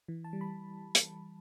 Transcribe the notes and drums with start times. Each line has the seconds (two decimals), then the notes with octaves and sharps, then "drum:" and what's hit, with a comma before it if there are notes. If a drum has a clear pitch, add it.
0.08 E3
0.24 A5
0.33 G3
0.41 B5
0.95 drum: hi-hat